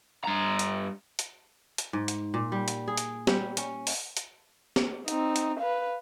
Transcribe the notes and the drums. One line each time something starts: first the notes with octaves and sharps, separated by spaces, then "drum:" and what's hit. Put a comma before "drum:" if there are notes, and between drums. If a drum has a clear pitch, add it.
G2 A#5
drum: hi-hat
drum: hi-hat
drum: hi-hat
G#2
drum: hi-hat
A#2
G3
drum: hi-hat
G#4
drum: hi-hat
G3, drum: snare B3
C#4, drum: hi-hat
drum: open hi-hat
drum: hi-hat
drum: snare B3
C4 D#4, drum: hi-hat
drum: hi-hat
B4 F5